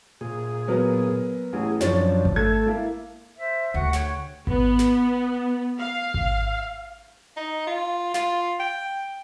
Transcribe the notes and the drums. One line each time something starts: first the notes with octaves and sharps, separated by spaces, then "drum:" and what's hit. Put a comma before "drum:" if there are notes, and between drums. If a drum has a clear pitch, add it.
A#2 G#4
F#3 B3 A#4
A1 G#4
F#2 F3 D4 C#5 A6, drum: snare
drum: kick G#1
A3 A4 G#6
A#3 E4
C5 E5
D2 F#4 F#5
C#5 G5, drum: snare
B3, drum: kick G#1
drum: snare
F5
drum: kick G#1
D#4
F4
F4, drum: snare
G5